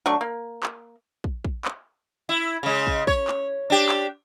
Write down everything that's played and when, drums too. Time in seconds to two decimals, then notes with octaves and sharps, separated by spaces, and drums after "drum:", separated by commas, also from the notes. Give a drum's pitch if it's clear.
0.06 F#3 A3 D4 C#6
0.21 A#3
0.63 drum: clap
1.24 drum: kick
1.45 drum: kick
1.65 drum: clap
2.29 E4
2.63 C#3 G#3
2.87 drum: kick
3.07 C#5, drum: kick
3.28 drum: clap
3.70 D4 G4
3.89 drum: clap